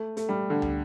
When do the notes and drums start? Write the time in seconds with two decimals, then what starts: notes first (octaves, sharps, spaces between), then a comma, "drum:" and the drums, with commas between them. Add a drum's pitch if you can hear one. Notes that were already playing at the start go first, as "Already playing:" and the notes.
Already playing: A3
0.17 A3, drum: hi-hat
0.29 G3
0.50 D3
0.62 drum: tom